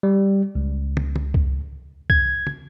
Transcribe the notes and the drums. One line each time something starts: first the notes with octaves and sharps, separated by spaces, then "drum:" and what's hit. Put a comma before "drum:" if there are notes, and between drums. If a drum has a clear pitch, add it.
G3
C#2
drum: tom
drum: tom
drum: kick C2
G#6, drum: kick C2
drum: tom